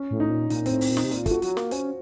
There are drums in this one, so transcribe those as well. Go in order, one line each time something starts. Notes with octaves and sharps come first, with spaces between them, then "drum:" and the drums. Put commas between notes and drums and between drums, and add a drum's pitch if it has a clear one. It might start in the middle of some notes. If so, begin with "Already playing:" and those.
Already playing: C#4
A2
D#4
A#2
A#2 D#4, drum: hi-hat
A2 C4, drum: hi-hat
C4, drum: open hi-hat
A#2
D#4, drum: snare
C3
A#2 F4, drum: hi-hat
A3, drum: kick, hi-hat
F#4
F#3, drum: hi-hat
A#3, drum: snare
C#4 C5, drum: hi-hat